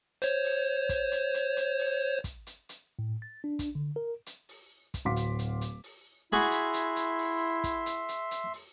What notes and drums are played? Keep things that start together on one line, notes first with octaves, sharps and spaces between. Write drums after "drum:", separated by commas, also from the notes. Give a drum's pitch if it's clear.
C5 C#5, drum: hi-hat
drum: open hi-hat
drum: kick, hi-hat
drum: hi-hat
drum: hi-hat
drum: hi-hat
drum: open hi-hat
drum: kick, hi-hat
drum: hi-hat
drum: hi-hat
A2
A6
D4
drum: kick, hi-hat
D3
A#4
drum: hi-hat
drum: open hi-hat
drum: kick, hi-hat
D1 F#4 F5 C6 D6 B6
drum: hi-hat
drum: hi-hat
drum: hi-hat
drum: open hi-hat
E4 F#4 G#4 E5 B5 C6
drum: hi-hat
drum: hi-hat
drum: hi-hat
drum: open hi-hat
drum: kick, hi-hat
drum: hi-hat
drum: hi-hat
drum: hi-hat
drum: open hi-hat